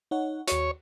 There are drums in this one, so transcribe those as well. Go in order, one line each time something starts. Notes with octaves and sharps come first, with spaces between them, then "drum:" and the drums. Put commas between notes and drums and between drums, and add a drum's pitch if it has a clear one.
D#4 C#5 F#5
D#2 F#4 C#5, drum: hi-hat